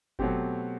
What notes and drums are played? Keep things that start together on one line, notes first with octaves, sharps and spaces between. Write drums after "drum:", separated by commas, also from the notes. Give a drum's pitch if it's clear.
B2 F#3 A3 C4 G4, drum: kick F#1